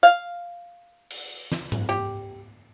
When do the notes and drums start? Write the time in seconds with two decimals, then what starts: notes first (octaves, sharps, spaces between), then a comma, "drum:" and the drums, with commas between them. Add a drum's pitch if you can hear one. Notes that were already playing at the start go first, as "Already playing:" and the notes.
0.03 F5
1.10 drum: cymbal
1.52 drum: snare
1.72 drum: tom G#2
1.89 G4